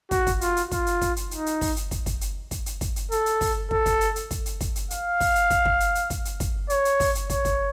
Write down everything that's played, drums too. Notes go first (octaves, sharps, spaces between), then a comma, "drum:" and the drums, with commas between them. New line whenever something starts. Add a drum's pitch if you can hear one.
F#4, drum: kick, hi-hat
drum: kick, hi-hat
F4, drum: hi-hat
drum: hi-hat
F4, drum: kick, hi-hat
drum: hi-hat
drum: kick, hi-hat
drum: hi-hat
D#4, drum: hi-hat
drum: hi-hat
drum: kick, open hi-hat
drum: hi-hat
drum: kick, hi-hat
drum: kick, hi-hat
drum: hi-hat
drum: kick, hi-hat
drum: hi-hat
drum: kick, hi-hat
drum: hi-hat
A4, drum: hi-hat
drum: hi-hat
drum: kick, open hi-hat
A4, drum: kick
drum: kick, hi-hat
drum: hi-hat
drum: hi-hat
drum: kick, hi-hat
drum: hi-hat
drum: kick, hi-hat
drum: hi-hat
F5, drum: hi-hat
drum: kick, open hi-hat
drum: hi-hat
drum: kick, hi-hat
drum: kick
drum: hi-hat
drum: hi-hat
drum: kick, hi-hat
drum: hi-hat
drum: kick, hi-hat
C#5, drum: hi-hat
drum: hi-hat
drum: kick, open hi-hat
drum: hi-hat
C#5, drum: kick, hi-hat
drum: kick, hi-hat